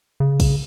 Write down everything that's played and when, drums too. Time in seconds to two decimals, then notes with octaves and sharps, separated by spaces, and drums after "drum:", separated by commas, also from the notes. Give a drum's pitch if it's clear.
0.20 C#3
0.40 drum: kick, cymbal